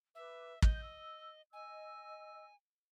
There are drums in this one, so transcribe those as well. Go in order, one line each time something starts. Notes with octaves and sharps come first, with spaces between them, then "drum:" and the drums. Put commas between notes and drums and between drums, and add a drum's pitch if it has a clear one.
B4 E5 D6
D#5 G6, drum: kick
E6
D#5 G#5 E6